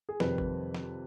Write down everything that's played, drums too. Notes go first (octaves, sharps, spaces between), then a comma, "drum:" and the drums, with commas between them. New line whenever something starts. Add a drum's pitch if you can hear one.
G#4
F2 C3 D#3 G3 B4, drum: snare
drum: kick G#1
drum: snare